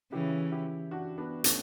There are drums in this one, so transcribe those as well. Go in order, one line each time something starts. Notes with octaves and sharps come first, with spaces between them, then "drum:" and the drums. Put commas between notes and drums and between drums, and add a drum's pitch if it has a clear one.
C#3 E3 E4 G4
E4 G4
D4 F#4
B3 D4
A3 C#4, drum: hi-hat